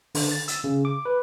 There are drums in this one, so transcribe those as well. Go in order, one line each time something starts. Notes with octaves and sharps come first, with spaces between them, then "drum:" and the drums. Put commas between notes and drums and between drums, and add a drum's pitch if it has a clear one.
D3, drum: open hi-hat
A6
E6, drum: hi-hat
C#3
D6
B4